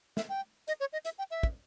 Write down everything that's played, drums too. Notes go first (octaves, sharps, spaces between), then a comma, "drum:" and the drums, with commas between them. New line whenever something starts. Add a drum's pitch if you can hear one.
E5, drum: snare
G5
D#5, drum: hi-hat
C#5
D#5
E5, drum: hi-hat
G5
E5
drum: kick